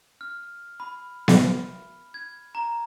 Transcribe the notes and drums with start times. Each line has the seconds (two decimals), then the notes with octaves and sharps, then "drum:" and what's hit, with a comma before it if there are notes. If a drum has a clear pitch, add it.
0.21 F6
0.80 B5
1.28 drum: snare B3
2.14 G#6
2.55 A#5